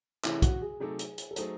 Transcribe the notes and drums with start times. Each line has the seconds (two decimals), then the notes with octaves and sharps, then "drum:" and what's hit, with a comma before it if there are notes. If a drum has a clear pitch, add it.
0.24 C3 E3 A3 C#4 E4 G#4, drum: clap
0.42 F#4, drum: kick, hi-hat
0.62 G#4
0.80 C3 F#3 A3 D#4 G#4 A4
0.99 drum: hi-hat
1.18 drum: hi-hat
1.31 A4
1.36 F#3 A3 D#4 G#4 C5, drum: hi-hat